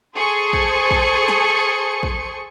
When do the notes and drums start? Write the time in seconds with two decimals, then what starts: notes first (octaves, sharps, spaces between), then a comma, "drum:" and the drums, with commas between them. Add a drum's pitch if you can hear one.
0.16 G#4 A4 C5 G#5 C#6 C#7
0.53 drum: kick
0.91 drum: kick
1.28 drum: snare
2.03 drum: kick